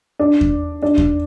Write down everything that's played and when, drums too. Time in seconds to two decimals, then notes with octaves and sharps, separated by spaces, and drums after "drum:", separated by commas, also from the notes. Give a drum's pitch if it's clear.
0.19 D4
0.41 drum: kick E2
0.82 D4
0.98 drum: kick E2